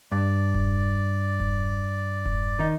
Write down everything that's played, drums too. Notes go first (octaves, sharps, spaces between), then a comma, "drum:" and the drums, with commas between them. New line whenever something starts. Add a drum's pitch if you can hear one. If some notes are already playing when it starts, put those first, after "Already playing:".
G2 D5
drum: kick E1
drum: kick E1
drum: kick E1
D#3 D#4